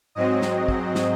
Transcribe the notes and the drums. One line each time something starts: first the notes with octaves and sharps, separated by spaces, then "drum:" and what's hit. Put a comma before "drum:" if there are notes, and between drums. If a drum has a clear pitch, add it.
G#2 F#3 C4 D#5
drum: snare
drum: kick
drum: snare